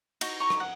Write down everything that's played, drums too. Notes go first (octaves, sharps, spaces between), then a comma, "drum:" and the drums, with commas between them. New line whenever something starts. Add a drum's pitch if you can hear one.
D#4 F#4, drum: cymbal
A#5 C#6
drum: rim click
F#5